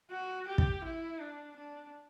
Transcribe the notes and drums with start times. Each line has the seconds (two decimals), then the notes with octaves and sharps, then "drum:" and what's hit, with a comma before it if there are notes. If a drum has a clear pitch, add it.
0.11 F#4
0.48 G4
0.58 drum: kick
0.85 E4
1.20 D4
1.57 D4